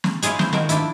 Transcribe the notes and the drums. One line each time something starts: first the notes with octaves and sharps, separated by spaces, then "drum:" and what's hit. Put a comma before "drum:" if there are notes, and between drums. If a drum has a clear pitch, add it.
drum: snare
E4 F4 G#4 C#5, drum: hi-hat
E4 C5, drum: snare
D#3 F3 F#4 A#4, drum: snare
F3 D4 E4, drum: hi-hat